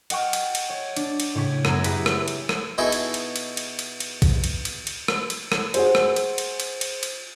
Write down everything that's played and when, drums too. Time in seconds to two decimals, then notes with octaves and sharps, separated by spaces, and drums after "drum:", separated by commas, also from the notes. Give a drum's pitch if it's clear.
0.10 D#5 F#5 G5 C#6 F6, drum: cymbal
0.33 drum: cymbal
0.55 drum: cymbal
0.70 C#5
0.97 D4, drum: cymbal
1.20 drum: cymbal
1.35 A2 C#3 C#5 C#6 B6
1.65 F#2 B3 A#5 G#6, drum: rim click
1.84 E4 G4 G#4 B4 E5, drum: cymbal
2.06 drum: rim click
2.28 drum: cymbal
2.49 drum: rim click
2.78 B2 D#4 E4 G#4 A4
2.92 drum: cymbal
3.14 drum: cymbal
3.36 drum: cymbal
3.57 drum: cymbal
3.79 drum: cymbal
4.00 drum: cymbal
4.22 drum: kick, cymbal
4.44 drum: cymbal
4.65 drum: cymbal
4.87 drum: cymbal
5.08 drum: rim click
5.30 drum: cymbal
5.52 drum: rim click
5.74 F#4 G#4 C5, drum: cymbal
5.95 drum: rim click
6.16 drum: cymbal
6.38 drum: cymbal
6.60 drum: cymbal
6.81 drum: cymbal
7.03 drum: cymbal